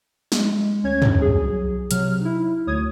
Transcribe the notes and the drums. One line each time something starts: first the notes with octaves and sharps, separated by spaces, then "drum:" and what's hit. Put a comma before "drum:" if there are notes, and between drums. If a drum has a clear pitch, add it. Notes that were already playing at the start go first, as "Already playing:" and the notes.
G#3, drum: snare
D2 C#4 C#5 G#6
drum: tom
C2 F#3 G#4
C3 F#3 F6, drum: hi-hat
D#4 E4
D2 C#5 D#6 G#6